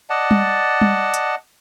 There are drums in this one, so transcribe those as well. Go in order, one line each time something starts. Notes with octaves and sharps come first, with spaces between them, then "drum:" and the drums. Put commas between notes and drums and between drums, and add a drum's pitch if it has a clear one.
D5 D#5 F#5 A5
drum: tom G3
drum: tom G3
drum: hi-hat